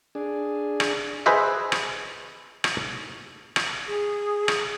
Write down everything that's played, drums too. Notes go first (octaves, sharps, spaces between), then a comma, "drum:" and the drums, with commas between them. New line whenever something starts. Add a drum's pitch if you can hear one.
D4 G#4
drum: rim click
G#4 B4 C5 D#5 E5
drum: rim click
drum: rim click
drum: rim click
G#4
drum: rim click